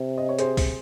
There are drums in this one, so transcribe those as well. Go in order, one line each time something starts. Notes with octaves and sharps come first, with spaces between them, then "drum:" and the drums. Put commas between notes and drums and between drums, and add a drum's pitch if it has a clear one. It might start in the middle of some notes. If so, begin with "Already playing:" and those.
Already playing: C3
D#5
C#5
G#4 C5, drum: hi-hat
drum: kick, open hi-hat